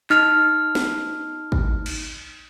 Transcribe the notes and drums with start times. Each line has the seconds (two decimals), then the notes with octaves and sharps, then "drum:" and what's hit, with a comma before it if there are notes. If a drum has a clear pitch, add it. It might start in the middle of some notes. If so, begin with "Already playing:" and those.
0.10 D#4 F6, drum: clap
0.75 drum: snare
1.52 drum: kick
1.86 drum: cymbal